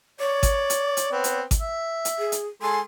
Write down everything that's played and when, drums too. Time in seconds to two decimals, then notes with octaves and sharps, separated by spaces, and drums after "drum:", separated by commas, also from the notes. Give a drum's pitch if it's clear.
0.20 C#5 D5
0.43 drum: kick G#1, hi-hat
0.70 drum: hi-hat
0.97 drum: hi-hat
1.11 B3 C4
1.24 drum: hi-hat
1.51 drum: kick G#1, hi-hat
1.60 E5
2.05 drum: hi-hat
2.18 G#4
2.32 drum: hi-hat
2.62 G#3 A4 G#5 C6